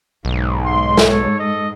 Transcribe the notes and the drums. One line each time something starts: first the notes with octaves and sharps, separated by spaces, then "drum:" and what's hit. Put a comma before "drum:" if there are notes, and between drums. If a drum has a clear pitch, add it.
B1 G#2
C6
drum: snare
A4 C#5
A4 D#5